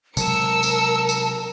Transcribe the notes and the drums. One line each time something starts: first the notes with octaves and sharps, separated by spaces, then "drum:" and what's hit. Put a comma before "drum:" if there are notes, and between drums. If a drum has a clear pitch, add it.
C3 F#3 G#3 A#4 A5 E6 C#7, drum: tambourine
drum: tambourine
drum: tambourine